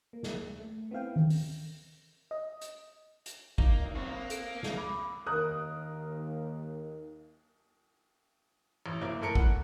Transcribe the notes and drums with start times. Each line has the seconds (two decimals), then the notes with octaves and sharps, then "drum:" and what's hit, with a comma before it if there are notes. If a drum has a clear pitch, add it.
0.13 A#3
0.23 drum: snare
0.59 A3
0.91 B3 C4 E4 F5 G5
1.16 drum: tom D#3
1.30 drum: open hi-hat
2.31 D#5
2.61 drum: hi-hat
3.26 drum: hi-hat
3.58 A#3 D#4, drum: kick
3.81 drum: cymbal
3.95 F#2 A2 C4
4.09 A#3
4.30 A4 D7, drum: hi-hat
4.63 drum: snare
4.77 B5 D6
5.26 D#2 A#4 D#6 F#6
8.86 A1
9.01 D1 A#3 E4 A#4
9.22 A2 A4 A#4 C#7
9.35 F#5, drum: kick